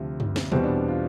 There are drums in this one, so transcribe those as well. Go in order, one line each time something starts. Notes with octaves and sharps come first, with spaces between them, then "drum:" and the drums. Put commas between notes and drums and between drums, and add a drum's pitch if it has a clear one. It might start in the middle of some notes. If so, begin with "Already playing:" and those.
Already playing: D2 C3 F3
drum: tom
drum: snare
E2 B2 G3 B3 C4, drum: tom
D4
D4
F4